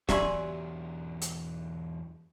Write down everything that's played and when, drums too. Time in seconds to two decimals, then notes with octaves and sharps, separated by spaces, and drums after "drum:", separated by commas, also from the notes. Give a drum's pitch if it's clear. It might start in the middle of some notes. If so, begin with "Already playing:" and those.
0.09 E2 F#3 G4 D5 E5 G#5 C6, drum: snare
1.21 drum: hi-hat